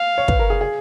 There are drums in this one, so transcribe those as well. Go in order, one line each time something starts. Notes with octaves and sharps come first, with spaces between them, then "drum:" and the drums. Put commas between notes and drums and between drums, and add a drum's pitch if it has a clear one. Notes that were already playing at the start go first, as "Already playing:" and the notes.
Already playing: F5
C#5
B4, drum: kick
A#4
G#4
G#4